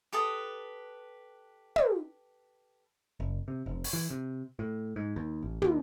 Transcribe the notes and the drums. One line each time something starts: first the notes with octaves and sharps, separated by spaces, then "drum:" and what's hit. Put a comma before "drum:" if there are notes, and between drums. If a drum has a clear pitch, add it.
G4 A4 B4 D#6
drum: tom
F#1
C3
F1
drum: open hi-hat
E3
C3
A2
G#2
D#2
A1
D#2, drum: tom